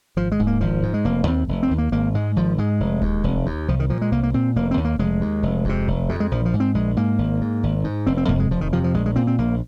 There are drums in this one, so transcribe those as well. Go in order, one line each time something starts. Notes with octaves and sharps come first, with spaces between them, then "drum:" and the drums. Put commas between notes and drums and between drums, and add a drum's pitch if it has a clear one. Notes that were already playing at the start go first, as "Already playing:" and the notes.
G#1 F3
G#3
G#2, drum: kick D1
A#3
G#1 F3
G#2
G#3
F1 A#3
D#2 C4
F1
C4
D#2
A#3
G#1 A#3
G#2 G#3
G#1 F3
G#2 G#3
F1
D#2, drum: kick D1
F1
D#2
C2 F3
D#3
A#2 F3
G#3
C2 A#3
A#3
A#2 C4
F1 A#3
C4
D#2
A#3
F1 G#3
D#2
F1
F2 C3, drum: kick D1
F1
F2 C3
G#3
A#1 F3
F3
G#2
C4
A#1 G#3
G#2 A#3
G#1
G#2
G#1
G#2
F1 C4
C4
F2 C3 A#3, drum: kick D1
G#3
F1 F3
D#3
F2 C3 F3
F3
A#1 G#3
G#3
A#2 C4
C4
A#1 A#3